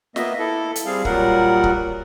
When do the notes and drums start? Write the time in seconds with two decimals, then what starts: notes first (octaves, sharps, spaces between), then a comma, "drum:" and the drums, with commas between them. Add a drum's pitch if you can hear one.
0.16 A#3 B3 D#5 E5, drum: snare
0.39 E4 A4
0.76 drum: hi-hat
0.86 G3 C4 G#4 F5
1.05 A#2 F#3 G3 A#4 F#5, drum: kick
1.64 drum: kick